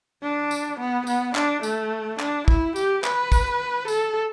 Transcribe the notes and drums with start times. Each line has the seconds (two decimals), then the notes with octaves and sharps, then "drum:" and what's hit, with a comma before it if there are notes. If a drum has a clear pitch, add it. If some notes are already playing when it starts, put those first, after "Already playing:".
0.23 D4
0.51 drum: tambourine
0.80 B3
1.07 B3, drum: tambourine
1.35 D4, drum: clap
1.63 A3, drum: tambourine
2.19 D4, drum: clap
2.48 E4, drum: kick
2.76 G4, drum: tambourine
3.04 B4, drum: clap
3.32 drum: kick, tambourine
3.88 A4, drum: tambourine